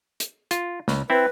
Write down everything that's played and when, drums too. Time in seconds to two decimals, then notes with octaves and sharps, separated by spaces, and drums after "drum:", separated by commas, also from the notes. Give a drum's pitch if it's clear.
0.20 drum: hi-hat
0.51 F4, drum: hi-hat
0.88 C#2, drum: snare
1.10 C4 E4 B4